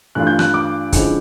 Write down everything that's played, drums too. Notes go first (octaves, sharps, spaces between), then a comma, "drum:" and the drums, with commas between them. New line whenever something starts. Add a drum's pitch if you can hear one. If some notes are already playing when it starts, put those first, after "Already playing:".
G2 E3 A3 D4 F4 F#6
G6
F#6, drum: rim click
D6
D3 F3 G#3 C#4 E4, drum: kick, hi-hat